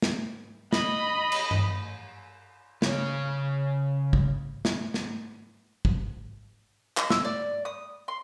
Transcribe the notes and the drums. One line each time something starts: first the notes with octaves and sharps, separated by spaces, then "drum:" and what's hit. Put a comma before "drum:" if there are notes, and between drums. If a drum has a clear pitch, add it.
drum: snare
D#5 B5, drum: snare
drum: cymbal
drum: tom G2
C#3 C#5, drum: snare
drum: kick
drum: snare
drum: snare
drum: kick
D#5, drum: clap
E6, drum: snare
D5
D#6
C6